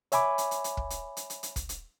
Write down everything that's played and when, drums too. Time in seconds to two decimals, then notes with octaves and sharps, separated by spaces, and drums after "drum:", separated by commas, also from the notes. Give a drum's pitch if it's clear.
0.12 C#5 E5 G#5 B5 D6, drum: hi-hat
0.38 drum: hi-hat
0.51 drum: hi-hat
0.64 drum: hi-hat
0.77 drum: kick
0.90 drum: hi-hat
1.17 drum: hi-hat
1.30 drum: hi-hat
1.43 drum: hi-hat
1.56 drum: kick, hi-hat
1.69 drum: hi-hat